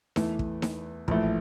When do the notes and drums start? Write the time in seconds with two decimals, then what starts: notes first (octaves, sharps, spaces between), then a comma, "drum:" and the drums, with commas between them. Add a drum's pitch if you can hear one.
0.16 E2 E3 A3, drum: snare D#4
0.39 drum: kick
0.62 drum: snare D#4
1.08 A#1 A2 E3 A3, drum: kick